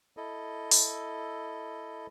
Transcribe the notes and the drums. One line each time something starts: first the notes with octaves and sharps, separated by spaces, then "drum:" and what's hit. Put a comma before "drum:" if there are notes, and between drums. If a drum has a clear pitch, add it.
E4 A4 D#5
drum: open hi-hat